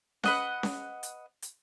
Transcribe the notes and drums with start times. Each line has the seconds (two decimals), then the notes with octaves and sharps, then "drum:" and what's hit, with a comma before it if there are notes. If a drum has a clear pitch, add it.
0.24 B4 D#5 F#5, drum: snare C#4
0.63 drum: snare C#4
1.03 drum: hi-hat
1.42 drum: hi-hat